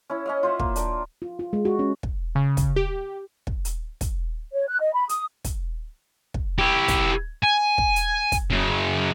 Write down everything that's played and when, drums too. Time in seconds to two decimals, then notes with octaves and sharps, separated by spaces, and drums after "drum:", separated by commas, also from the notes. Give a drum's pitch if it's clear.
0.10 C#4 E4
0.26 C#4 D#5 F5
0.43 F4 C5 E5 F#5
0.59 A#3, drum: kick
0.76 D4 A#4, drum: hi-hat
1.22 F4
1.39 F4
1.53 G#3
1.65 F#4
1.79 C#4
2.03 drum: kick
2.35 C#3
2.57 drum: kick, hi-hat
2.76 G4
3.47 drum: kick
3.65 drum: hi-hat
4.01 drum: kick, hi-hat
4.52 C#5
4.68 F#6
4.80 D#5
4.94 B5
5.09 D#6, drum: hi-hat
5.44 drum: kick, hi-hat
6.34 drum: kick
6.58 E4 G4
6.88 drum: kick, hi-hat
7.43 G#5
7.78 drum: kick
7.96 drum: hi-hat
8.32 drum: kick, hi-hat
8.51 F#2 C#3